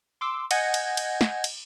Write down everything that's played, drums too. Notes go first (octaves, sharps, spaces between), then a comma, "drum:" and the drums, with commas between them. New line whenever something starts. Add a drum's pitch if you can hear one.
C6 D6 E6
D#5 F#5 G#5 G6 G#6 A#6, drum: cymbal
drum: cymbal
drum: cymbal
drum: snare
drum: cymbal